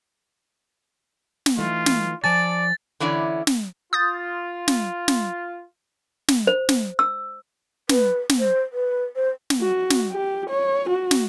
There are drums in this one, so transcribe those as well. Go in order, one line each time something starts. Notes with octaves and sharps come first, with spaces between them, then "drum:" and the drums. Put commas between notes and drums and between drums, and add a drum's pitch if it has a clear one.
drum: snare
E3 A3 D#4 F4
drum: snare
F3 D5 G#5 A5 A6
D3 E3 C#4 E4 D5
drum: snare
F4 D#6 G6 A6
drum: snare
drum: snare
drum: snare
C5
drum: snare
E6
B4, drum: snare
drum: snare
C5
B4
C5
drum: snare
F#4
drum: snare
G4
C#5
F#4
drum: snare